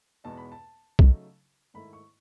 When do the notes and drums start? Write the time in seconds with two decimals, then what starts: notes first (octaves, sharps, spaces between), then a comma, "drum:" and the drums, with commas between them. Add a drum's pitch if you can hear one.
0.24 E2 B2 G#3 B3 D#4 A5
0.37 B5
0.52 A5
0.99 C#3 F#3 A3 D#4, drum: kick B1
1.74 G#2 D#3 A3 E4 B5
1.93 C#6